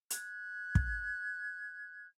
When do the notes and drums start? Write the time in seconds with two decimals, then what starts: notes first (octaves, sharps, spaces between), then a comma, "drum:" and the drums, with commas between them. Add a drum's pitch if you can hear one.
0.10 F#6 G#6, drum: hi-hat
0.75 drum: kick